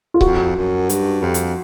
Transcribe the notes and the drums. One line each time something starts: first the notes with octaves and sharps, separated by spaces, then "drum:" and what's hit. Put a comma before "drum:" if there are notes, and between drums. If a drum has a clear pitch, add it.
F4
F2 F#4, drum: kick C#1
F#2
G2, drum: hi-hat
F2
drum: hi-hat